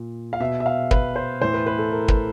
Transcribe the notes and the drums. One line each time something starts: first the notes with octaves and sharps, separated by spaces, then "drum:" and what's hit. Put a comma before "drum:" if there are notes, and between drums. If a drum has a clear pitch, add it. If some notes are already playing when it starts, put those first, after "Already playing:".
Already playing: A#2
F5
B2 E5
E5
F5
B4, drum: kick
C5
A2 E3 C5
B4
B4
A4
A#4
B4, drum: kick